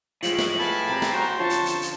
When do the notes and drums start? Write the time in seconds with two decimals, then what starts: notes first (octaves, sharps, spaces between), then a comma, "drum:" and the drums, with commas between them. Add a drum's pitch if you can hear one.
0.23 A2 F3 G#3 F#7, drum: hi-hat
0.39 drum: snare
0.59 B4 E5 F5 G#5 A5 B5
0.89 C4 G4 A#5
1.02 drum: snare
1.14 F#4 C5 G5
1.39 D3 F3 C#4 C#5 A5
1.50 drum: hi-hat
1.66 drum: hi-hat
1.82 drum: hi-hat